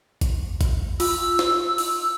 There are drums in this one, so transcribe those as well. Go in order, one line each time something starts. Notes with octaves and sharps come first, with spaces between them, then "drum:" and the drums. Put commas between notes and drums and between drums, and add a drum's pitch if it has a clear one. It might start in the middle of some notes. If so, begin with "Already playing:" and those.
drum: kick G#1, hi-hat
drum: kick G#1, hi-hat
F4 E6, drum: open hi-hat
drum: snare
drum: open hi-hat